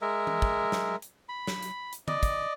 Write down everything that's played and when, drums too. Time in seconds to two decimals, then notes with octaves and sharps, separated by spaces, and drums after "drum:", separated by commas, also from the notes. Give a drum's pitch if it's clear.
0.02 G#3 A#4 E5
0.27 drum: tom
0.42 drum: kick
0.72 drum: snare
1.02 drum: hi-hat
1.29 B5
1.47 drum: snare
1.63 drum: hi-hat
1.93 drum: hi-hat
2.08 D5 D#5, drum: tom D3
2.23 drum: kick, hi-hat